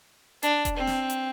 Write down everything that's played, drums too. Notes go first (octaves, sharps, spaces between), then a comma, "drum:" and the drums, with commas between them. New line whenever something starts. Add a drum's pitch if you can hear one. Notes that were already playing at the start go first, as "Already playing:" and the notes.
D4, drum: hi-hat
drum: kick E1, hi-hat
C4
drum: snare
drum: hi-hat